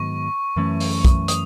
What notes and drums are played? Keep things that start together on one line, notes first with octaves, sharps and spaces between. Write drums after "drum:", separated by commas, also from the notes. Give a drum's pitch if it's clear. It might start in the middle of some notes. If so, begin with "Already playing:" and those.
Already playing: G#2 D#3 F#3 B3 C#6
F#2 E3 A3 C#4
drum: open hi-hat
drum: kick, hi-hat
D#6, drum: hi-hat